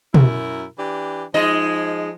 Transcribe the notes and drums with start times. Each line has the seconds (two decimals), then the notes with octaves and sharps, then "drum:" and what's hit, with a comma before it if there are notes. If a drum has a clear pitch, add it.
0.14 F#2 E4 A#4, drum: tom B2
0.79 E3 D4 G4
1.34 F3 G#3 D#4 D#5